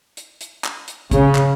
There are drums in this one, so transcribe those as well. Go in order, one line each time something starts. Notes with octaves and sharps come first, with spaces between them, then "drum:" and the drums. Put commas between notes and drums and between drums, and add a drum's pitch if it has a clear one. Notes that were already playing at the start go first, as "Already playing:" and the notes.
drum: hi-hat
drum: hi-hat
drum: clap
drum: hi-hat
C#3, drum: kick, hi-hat
drum: clap